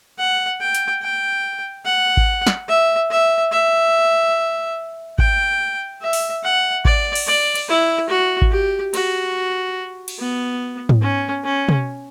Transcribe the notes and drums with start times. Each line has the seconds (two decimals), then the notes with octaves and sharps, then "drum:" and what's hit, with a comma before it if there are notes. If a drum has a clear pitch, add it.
0.19 F#5
0.61 G5
0.75 drum: hi-hat
1.02 G5
1.85 F#5
2.17 drum: kick G#1
2.47 drum: snare
2.68 E5
3.11 E5
3.52 E5
5.18 G5, drum: kick G#1
6.02 E5
6.13 drum: open hi-hat
6.44 F#5
6.85 D5, drum: kick G#1
7.15 drum: cymbal
7.27 D5
7.55 drum: cymbal
7.69 E4
8.10 F#4
8.42 drum: kick G#1
8.52 G4
8.94 F#4, drum: cymbal
10.08 drum: cymbal
10.19 B3
10.89 drum: tom G#2
11.01 C#4
11.44 C#4
11.69 drum: tom